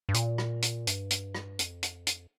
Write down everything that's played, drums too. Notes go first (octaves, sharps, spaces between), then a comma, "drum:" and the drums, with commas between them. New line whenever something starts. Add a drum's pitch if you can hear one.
G2
A#2, drum: hi-hat
drum: rim click
drum: hi-hat
G2, drum: hi-hat
drum: hi-hat
drum: rim click
F2, drum: hi-hat
drum: hi-hat
drum: hi-hat